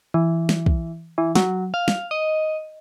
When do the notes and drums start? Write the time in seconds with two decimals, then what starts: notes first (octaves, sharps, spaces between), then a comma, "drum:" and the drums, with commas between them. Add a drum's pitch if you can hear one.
0.14 E3
0.49 drum: snare
0.66 drum: kick
1.18 E3
1.35 F#3, drum: snare
1.74 F5
1.88 drum: snare
2.11 D#5